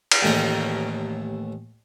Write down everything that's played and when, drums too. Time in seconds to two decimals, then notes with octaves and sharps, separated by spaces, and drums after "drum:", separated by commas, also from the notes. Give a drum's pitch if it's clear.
0.11 drum: cymbal
0.22 A1 D#2 A3 D#4 B5